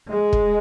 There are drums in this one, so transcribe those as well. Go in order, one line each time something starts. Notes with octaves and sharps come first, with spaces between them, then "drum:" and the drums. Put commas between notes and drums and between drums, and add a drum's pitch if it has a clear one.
G#3
drum: kick